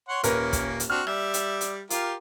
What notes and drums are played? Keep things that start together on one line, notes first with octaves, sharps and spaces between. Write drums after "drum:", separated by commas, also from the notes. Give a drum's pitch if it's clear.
C#5 F#5 C6
D#1 A#3 C#4 A#4 B4, drum: hi-hat
drum: kick, hi-hat
drum: hi-hat
C4 D4 F#4 F6
G3 D5 E5, drum: rim click
drum: hi-hat
drum: hi-hat
F4 G4 A#4, drum: hi-hat